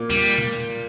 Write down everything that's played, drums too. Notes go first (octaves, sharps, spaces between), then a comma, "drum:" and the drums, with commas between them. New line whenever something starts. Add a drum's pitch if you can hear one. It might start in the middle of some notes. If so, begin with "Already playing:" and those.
Already playing: A#2 A#3
G3, drum: tom
drum: tom B2